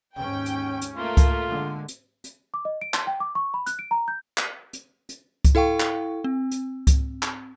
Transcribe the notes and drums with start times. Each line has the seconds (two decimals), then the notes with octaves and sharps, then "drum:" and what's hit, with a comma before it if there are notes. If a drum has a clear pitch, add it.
0.17 D#2 G#2 C#4 G5
0.46 drum: hi-hat
0.82 drum: hi-hat
0.96 A3 A#3 F4
1.17 drum: kick C#2, hi-hat
1.49 D3 G#3
1.88 drum: hi-hat
2.24 drum: hi-hat
2.54 D6
2.65 D#5
2.82 D7
2.94 C6, drum: clap
3.07 G5
3.20 D6
3.35 C#6
3.54 B5
3.66 F#6, drum: hi-hat
3.79 D7
3.91 A#5
4.08 G6
4.38 drum: clap
4.73 drum: hi-hat
5.09 drum: hi-hat
5.45 drum: kick C#2, hi-hat
5.55 E4 A4 F5 G5 C#6
5.80 drum: clap
6.24 C4
6.51 drum: hi-hat
6.87 drum: kick C#2, hi-hat
7.23 drum: clap